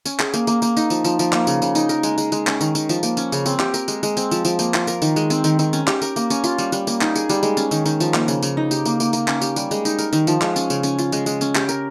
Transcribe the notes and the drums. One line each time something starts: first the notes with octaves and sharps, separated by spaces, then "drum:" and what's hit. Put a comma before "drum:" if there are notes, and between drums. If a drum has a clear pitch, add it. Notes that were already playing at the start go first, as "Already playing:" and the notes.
C#4, drum: tambourine
G#4, drum: clap
A#3, drum: tambourine
A#3, drum: tambourine
A#3, drum: tambourine
D#4, drum: tambourine
F3, drum: tambourine
F3, drum: tambourine
F3, drum: tambourine
A#3, drum: clap
C#3, drum: tambourine
C#3, drum: tambourine
D#4, drum: tambourine
A#4, drum: tambourine
G#3, drum: tambourine
G#3, drum: tambourine
G#3, drum: tambourine
C#4, drum: clap
D#3, drum: tambourine
D#3, drum: tambourine
F3, drum: tambourine
A#3, drum: tambourine
C#4, drum: tambourine
C#3, drum: tambourine
C4, drum: tambourine
G4, drum: clap
A#4, drum: tambourine
G#3, drum: tambourine
G#3, drum: tambourine
C4, drum: tambourine
F3, drum: tambourine
F3, drum: tambourine
A#3, drum: tambourine
F4, drum: clap
A#4, drum: tambourine
D#3, drum: tambourine
G#3, drum: tambourine
C4, drum: tambourine
D#3, drum: tambourine
D#3, drum: tambourine
C#4, drum: tambourine
G4, drum: clap
A#4, drum: tambourine
A#3, drum: tambourine
C#4, drum: tambourine
F4, drum: tambourine
G3, drum: tambourine
G3, drum: tambourine
A#3, drum: tambourine
D#4, drum: clap
G#4, drum: tambourine
G3, drum: tambourine
G#3, drum: tambourine
C#4, drum: tambourine
D#3, drum: tambourine
D#3, drum: tambourine
F3, drum: tambourine
A#3, drum: clap
C#3, drum: tambourine
C#3, drum: tambourine
D#4
G4, drum: tambourine
A#3, drum: tambourine
A#3, drum: tambourine
A#3, drum: tambourine
C#4, drum: clap
G4, drum: tambourine
G3, drum: tambourine
G#3, drum: tambourine
D#4, drum: tambourine
A#4, drum: tambourine
D#3, drum: tambourine
F3, drum: tambourine
G#3, drum: clap
C#4, drum: tambourine
C#3, drum: tambourine
C#4, drum: tambourine
F4, drum: tambourine
G#3, drum: tambourine
G#3, drum: tambourine
C#4, drum: tambourine
G4, drum: clap
A#4, drum: tambourine